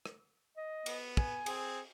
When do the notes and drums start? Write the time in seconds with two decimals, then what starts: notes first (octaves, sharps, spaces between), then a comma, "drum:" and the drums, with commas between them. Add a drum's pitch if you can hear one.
0.06 drum: rim click
0.57 D#5
0.86 B3, drum: cymbal
1.17 G#5, drum: kick
1.46 C4 G#4, drum: cymbal